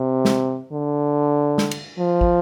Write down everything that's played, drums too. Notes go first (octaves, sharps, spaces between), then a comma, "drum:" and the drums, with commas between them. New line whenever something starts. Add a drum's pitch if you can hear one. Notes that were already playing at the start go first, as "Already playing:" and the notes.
Already playing: C3
drum: snare
D3
drum: snare
drum: cymbal
F3
drum: kick